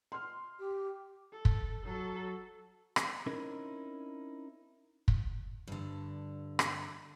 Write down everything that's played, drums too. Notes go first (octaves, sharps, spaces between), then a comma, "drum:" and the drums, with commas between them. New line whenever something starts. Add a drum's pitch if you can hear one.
C6 F6
G4
A4
drum: kick
F#3 A4
drum: rim click
C4 C#4 D#4 E4 A#4
drum: kick
G2 D3
drum: rim click